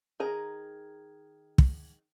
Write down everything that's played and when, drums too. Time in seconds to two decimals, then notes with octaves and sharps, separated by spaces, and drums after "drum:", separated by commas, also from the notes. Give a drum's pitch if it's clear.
0.20 D#3 G#4 A#5
1.58 drum: kick